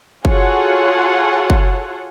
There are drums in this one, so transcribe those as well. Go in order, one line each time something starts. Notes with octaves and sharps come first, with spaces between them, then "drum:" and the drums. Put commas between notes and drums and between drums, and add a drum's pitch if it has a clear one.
F4 F#4 G#4 A4 C#5 F#5, drum: kick F#1
drum: kick F#1